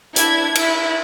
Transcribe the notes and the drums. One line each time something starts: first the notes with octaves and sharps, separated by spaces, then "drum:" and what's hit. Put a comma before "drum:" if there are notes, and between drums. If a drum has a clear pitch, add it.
D4 E4 G#6, drum: hi-hat
E4, drum: cymbal